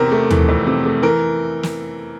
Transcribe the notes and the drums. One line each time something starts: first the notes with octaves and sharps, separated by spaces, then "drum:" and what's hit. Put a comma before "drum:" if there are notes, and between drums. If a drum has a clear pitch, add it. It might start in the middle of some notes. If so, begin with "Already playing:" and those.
Already playing: E2 C3 A#4
A3
E3, drum: tom
F2
C3
A3
E3 A#4
drum: snare